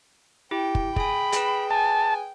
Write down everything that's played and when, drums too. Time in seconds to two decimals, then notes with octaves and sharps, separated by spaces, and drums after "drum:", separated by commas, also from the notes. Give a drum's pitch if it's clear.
0.51 E4 G4 G5
0.75 drum: kick
0.96 G#4 G#5 B5, drum: kick
1.32 G#4 B4, drum: hi-hat
1.70 G#5 A5